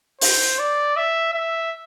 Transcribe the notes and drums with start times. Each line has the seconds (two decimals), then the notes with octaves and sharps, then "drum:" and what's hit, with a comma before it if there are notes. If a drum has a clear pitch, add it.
0.21 C5, drum: open hi-hat
0.59 D5
0.96 E5
1.34 E5